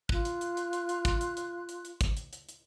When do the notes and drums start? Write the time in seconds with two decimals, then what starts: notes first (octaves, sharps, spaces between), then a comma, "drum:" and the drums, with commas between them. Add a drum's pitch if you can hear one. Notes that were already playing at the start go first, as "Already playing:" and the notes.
0.09 F4 F#6, drum: kick
0.25 drum: hi-hat
0.41 drum: hi-hat
0.57 drum: hi-hat
0.73 drum: hi-hat
0.89 drum: hi-hat
1.05 drum: kick, hi-hat
1.21 drum: hi-hat
1.37 drum: hi-hat
1.69 drum: hi-hat
1.85 drum: hi-hat
2.01 drum: kick, hi-hat
2.17 drum: hi-hat
2.33 drum: hi-hat
2.49 drum: hi-hat